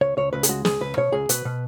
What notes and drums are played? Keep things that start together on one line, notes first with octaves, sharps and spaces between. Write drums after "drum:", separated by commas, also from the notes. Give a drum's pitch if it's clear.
C#2 C#5
C#2 C#5
C#2 B4
G#4, drum: hi-hat
G#3 F#4
C#2 G#4, drum: snare
C#2 B4
B2 C#5
C#2 G#4
B2 B4, drum: hi-hat
B2